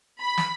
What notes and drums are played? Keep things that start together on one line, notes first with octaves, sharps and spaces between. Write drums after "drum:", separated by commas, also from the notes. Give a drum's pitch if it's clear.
B5
drum: snare